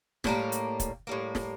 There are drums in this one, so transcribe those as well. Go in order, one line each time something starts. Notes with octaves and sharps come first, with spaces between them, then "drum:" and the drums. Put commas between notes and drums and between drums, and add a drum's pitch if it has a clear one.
A2 G3 A#3, drum: snare
drum: hi-hat
drum: kick, hi-hat
A2 G3 A#3
drum: snare